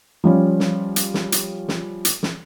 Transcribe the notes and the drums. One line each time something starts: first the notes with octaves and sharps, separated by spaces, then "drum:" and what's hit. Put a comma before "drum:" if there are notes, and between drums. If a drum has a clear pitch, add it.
F3 G3 C#4
drum: snare
drum: hi-hat
drum: snare
drum: hi-hat
drum: snare
drum: hi-hat
drum: snare